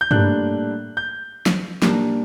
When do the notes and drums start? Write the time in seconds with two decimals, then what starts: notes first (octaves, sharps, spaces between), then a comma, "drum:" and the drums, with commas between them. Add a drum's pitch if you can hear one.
0.01 G6
0.11 A2 G3 A#3 D4 F#6, drum: tom G2
0.97 G6
1.46 drum: snare
1.82 A#2 G3 A#3 D4, drum: snare